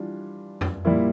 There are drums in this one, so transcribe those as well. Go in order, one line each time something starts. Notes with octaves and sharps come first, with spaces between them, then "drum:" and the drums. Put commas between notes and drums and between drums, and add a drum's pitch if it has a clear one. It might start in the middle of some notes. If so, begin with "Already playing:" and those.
Already playing: E3 G3 D4 F4
drum: tom F2
A#2 G3 A#3 E4